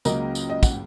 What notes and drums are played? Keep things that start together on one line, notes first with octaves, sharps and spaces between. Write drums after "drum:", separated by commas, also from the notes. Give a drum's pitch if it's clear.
C#2 C#3 F#3 A#3 A#4 D#5, drum: tambourine
drum: tambourine
D#5
F#5, drum: kick, tambourine